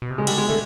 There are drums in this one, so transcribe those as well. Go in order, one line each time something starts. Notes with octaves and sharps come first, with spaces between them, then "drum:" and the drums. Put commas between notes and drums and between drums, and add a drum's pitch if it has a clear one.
B2
C3
C#3 G#3
D3 G3, drum: cymbal
G#3
D3 A3